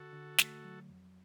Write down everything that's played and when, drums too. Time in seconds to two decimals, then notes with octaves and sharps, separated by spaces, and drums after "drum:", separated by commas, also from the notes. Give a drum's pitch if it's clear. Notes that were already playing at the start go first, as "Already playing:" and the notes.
Already playing: D3 F#4 A4
0.13 D3
0.38 A3, drum: snare
0.64 F#3
0.89 F2